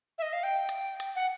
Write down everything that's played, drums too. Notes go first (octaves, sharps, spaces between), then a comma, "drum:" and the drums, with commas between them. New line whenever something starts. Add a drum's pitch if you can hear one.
E5
D#5
F5
G5
drum: hi-hat
drum: hi-hat
F#5